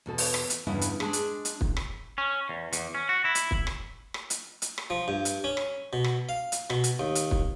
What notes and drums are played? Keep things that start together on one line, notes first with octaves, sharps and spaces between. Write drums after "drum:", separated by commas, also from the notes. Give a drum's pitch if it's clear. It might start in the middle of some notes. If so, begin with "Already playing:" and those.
E2 B2 A4
drum: open hi-hat
drum: rim click
drum: hi-hat
E2 G2 C#3 C#4 E4 F#5
drum: hi-hat
G#3 D4 G#4, drum: rim click
drum: hi-hat
drum: hi-hat
drum: kick
drum: rim click
C#4
E2
E2, drum: hi-hat
C#4
F#4
E4
drum: hi-hat
drum: kick
drum: rim click
drum: rim click
drum: hi-hat
drum: hi-hat
drum: rim click
F3
G2
drum: hi-hat
C#4
drum: rim click
B2
drum: rim click
F5
drum: hi-hat
B2, drum: rim click
drum: hi-hat
D#2
drum: hi-hat
drum: kick